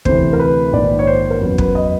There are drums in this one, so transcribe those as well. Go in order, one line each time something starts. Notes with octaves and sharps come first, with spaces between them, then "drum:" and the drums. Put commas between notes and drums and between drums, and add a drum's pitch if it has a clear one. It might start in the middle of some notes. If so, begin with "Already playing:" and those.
D2 C3 E3 C5, drum: kick
A#4
B4
A#1 G#2 D#3 D5
C#5
C5
A#4
F#1 E2 C#3 F#3 B4
B4, drum: kick
D#5